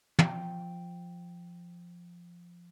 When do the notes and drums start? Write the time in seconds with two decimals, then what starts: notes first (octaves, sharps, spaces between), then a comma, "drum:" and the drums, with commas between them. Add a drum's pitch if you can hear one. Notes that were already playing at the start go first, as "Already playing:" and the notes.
0.19 F3 G5, drum: tom